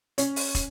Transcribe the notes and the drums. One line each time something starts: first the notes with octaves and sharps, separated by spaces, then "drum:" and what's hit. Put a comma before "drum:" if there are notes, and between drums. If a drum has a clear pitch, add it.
C#4, drum: hi-hat
drum: open hi-hat
drum: kick, hi-hat